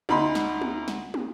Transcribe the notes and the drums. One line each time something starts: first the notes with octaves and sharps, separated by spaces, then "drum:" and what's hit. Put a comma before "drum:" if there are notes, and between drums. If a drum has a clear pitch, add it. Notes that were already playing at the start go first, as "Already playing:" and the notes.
D2 D#4 B5 C6, drum: tom
drum: snare
drum: tom
drum: snare
drum: tom